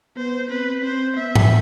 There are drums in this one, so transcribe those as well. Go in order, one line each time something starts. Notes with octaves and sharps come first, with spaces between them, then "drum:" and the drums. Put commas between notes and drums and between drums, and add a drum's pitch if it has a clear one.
B3 C5
C4 B4
C4 C5
B3 E5
drum: tom G#2